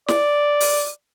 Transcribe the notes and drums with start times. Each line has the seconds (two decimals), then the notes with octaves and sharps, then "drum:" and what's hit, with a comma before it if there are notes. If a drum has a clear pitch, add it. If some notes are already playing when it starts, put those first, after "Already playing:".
0.08 D5, drum: snare
0.60 drum: open hi-hat